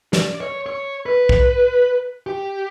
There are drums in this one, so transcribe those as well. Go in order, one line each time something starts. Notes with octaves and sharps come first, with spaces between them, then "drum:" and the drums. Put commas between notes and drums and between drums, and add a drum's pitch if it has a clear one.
D5, drum: snare
C#5
C#5
B4
drum: kick B1
G4